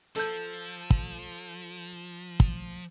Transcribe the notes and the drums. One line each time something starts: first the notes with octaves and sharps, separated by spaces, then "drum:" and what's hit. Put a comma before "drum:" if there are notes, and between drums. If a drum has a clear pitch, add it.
F3 A4 G6
drum: kick
drum: kick